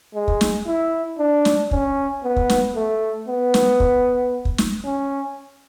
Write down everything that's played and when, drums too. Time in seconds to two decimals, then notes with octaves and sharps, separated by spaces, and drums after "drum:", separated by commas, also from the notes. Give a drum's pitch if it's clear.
0.14 G#3
0.28 drum: kick
0.41 drum: snare
0.66 E4
1.18 D4
1.45 drum: snare
1.71 C#4, drum: kick
2.24 B3
2.36 drum: kick
2.50 drum: snare
2.75 A3
3.28 B3
3.54 drum: snare
3.80 drum: kick
4.45 drum: kick
4.58 drum: snare
4.85 C#4